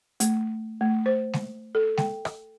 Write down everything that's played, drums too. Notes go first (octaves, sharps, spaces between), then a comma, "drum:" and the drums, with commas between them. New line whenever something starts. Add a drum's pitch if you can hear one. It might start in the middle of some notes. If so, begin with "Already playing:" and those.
A3, drum: hi-hat
A3
C5
drum: snare G#3
A4
G5, drum: snare G#3
drum: rim click